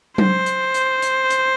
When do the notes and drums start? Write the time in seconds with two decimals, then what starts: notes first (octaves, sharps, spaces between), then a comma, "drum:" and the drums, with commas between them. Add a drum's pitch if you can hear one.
0.18 C5, drum: tom F#3
0.46 drum: hi-hat
0.74 drum: hi-hat
1.02 drum: hi-hat
1.30 drum: hi-hat